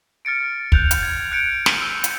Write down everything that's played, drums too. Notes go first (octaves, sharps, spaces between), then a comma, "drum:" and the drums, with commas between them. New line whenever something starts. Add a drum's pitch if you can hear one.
F6 A6 C#7 D7
F#6 G6 F7, drum: kick
drum: hi-hat
G#6
F#6 G6 C#7 D7
drum: snare
E6
drum: hi-hat